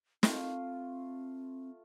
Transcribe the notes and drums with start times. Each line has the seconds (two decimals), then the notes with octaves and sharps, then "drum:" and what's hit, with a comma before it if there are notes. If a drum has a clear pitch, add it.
0.23 A3 C4 F4 C6, drum: snare